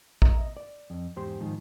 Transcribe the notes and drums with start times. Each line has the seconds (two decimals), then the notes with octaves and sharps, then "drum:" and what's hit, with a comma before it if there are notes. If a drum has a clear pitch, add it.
0.22 D#5 E5 A#5, drum: kick A1
0.41 D#5
0.57 D5
0.90 F2
1.16 E2 G#2 G4 C5 C6
1.40 G#2 D#3 F3